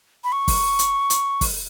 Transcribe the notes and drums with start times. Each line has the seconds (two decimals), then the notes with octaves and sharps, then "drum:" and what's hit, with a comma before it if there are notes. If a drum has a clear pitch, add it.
0.24 B5
0.32 C#6
0.48 drum: kick, open hi-hat
0.79 drum: hi-hat
1.10 drum: hi-hat
1.41 drum: kick, open hi-hat